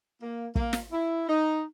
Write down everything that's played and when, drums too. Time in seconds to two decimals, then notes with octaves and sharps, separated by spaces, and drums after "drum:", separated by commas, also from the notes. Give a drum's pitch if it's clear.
0.22 A#3
0.55 A#3, drum: kick
0.73 drum: snare
0.92 E4
1.29 D#4